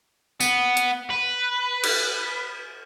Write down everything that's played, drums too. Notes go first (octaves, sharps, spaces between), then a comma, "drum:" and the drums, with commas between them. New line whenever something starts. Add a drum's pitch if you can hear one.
B3, drum: tambourine
drum: hi-hat
B4
drum: cymbal